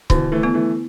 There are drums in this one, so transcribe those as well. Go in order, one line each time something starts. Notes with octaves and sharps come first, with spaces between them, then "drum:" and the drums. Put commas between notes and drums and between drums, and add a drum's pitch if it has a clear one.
B2 D3 E3, drum: kick C#1
E3 A3
B3 E4
E3 A3